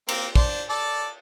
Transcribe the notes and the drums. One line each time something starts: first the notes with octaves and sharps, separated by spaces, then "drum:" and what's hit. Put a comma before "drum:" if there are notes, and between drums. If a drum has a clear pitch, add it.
A#3 C4, drum: cymbal
D4 C5, drum: kick
A4 D5